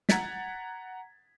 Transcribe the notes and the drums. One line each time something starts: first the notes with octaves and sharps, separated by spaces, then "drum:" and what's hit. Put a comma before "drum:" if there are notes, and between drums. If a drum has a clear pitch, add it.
F#5 A#5 G#6 A6 B6, drum: snare